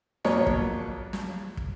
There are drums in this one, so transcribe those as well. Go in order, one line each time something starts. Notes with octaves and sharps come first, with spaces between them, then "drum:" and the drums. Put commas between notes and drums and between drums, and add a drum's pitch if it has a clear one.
A#1 F2 F#3 A#3 B3 C#5, drum: snare
drum: kick
drum: snare
drum: kick